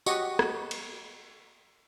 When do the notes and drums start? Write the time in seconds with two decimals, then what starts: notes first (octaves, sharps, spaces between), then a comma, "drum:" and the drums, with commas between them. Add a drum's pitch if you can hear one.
0.06 F#4 G4 D#5 C#6, drum: tambourine
0.39 drum: rim click
0.71 drum: cymbal